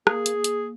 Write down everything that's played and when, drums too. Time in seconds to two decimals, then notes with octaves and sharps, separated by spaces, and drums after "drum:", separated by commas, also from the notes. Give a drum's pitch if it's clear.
0.07 A#3 G#4, drum: rim click
0.26 drum: hi-hat
0.35 A#3
0.44 drum: hi-hat